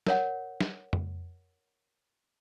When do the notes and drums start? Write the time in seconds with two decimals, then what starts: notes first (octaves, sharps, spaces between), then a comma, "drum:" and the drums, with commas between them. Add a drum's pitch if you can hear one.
0.07 A#4 C#5 F#5, drum: snare
0.61 drum: snare
0.93 drum: tom F2